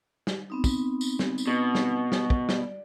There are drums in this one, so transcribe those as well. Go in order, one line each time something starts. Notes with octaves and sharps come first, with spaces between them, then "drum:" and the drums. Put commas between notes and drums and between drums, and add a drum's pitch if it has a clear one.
drum: snare
B3 C4 D#4
drum: kick, tambourine
drum: tambourine
drum: snare
drum: tambourine
B2
drum: snare
drum: snare
drum: kick
D5, drum: snare